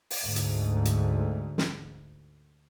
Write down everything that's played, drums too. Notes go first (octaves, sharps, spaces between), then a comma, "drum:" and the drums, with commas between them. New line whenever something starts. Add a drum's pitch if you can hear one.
drum: open hi-hat
D2 G#2
drum: hi-hat
drum: hi-hat
drum: snare